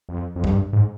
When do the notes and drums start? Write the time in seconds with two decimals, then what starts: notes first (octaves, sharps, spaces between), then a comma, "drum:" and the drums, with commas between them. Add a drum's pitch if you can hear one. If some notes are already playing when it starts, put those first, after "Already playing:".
0.09 F2
0.36 F2
0.44 G2, drum: kick A#1
0.73 G#2